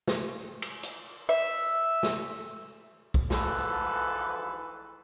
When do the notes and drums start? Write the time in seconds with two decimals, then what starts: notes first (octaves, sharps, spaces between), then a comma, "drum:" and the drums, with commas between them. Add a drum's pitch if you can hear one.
0.08 drum: snare
0.62 drum: cymbal
0.83 drum: hi-hat
1.29 E5
2.03 drum: snare
3.14 drum: kick A#1
3.30 D2 G#2 E3 F3 A4 B4, drum: snare